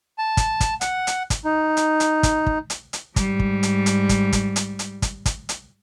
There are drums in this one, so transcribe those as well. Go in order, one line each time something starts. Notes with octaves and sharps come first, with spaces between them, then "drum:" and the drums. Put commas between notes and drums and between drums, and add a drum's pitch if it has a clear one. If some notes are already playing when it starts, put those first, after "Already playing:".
A5
drum: kick, hi-hat
drum: kick, hi-hat
F#5, drum: hi-hat
drum: hi-hat
drum: kick, hi-hat
D#4
drum: hi-hat
drum: hi-hat
drum: kick, hi-hat
drum: kick
drum: hi-hat
drum: hi-hat
G#2 G3, drum: kick, hi-hat
drum: kick
drum: hi-hat
drum: hi-hat
drum: kick, hi-hat
drum: kick, hi-hat
drum: hi-hat
drum: hi-hat
drum: kick, hi-hat
drum: kick, hi-hat
drum: hi-hat